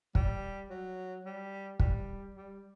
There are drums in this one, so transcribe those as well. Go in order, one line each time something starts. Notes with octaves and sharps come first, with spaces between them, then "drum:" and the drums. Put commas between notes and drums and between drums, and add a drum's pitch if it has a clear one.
G3, drum: kick
F#3
G3
G3, drum: kick
G3